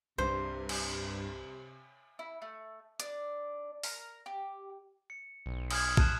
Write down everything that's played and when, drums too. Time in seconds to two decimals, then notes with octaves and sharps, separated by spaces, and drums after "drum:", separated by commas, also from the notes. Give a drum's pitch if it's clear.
0.18 C2 G2 C3 C5
0.69 drum: cymbal
2.19 E4
2.42 A3
3.00 D4, drum: hi-hat
3.83 A#4, drum: open hi-hat
4.26 G4
5.10 C#7
5.46 B1
5.70 D#6 F6 G#6, drum: cymbal
5.97 A5 F#6 E7, drum: kick